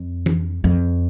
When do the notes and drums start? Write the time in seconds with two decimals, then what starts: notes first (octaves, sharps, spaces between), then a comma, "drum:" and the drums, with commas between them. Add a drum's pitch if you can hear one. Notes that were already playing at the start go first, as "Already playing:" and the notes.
Already playing: F2
0.26 drum: tom
0.64 F2